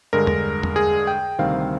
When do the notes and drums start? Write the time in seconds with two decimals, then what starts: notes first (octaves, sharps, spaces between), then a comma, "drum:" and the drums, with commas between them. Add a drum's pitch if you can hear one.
0.13 G2 D3 G#3 A#4
0.27 drum: tom E2
0.63 drum: tom E2
0.76 G#4
1.07 G5
1.39 D2 C3 D#3 G3 C4 F5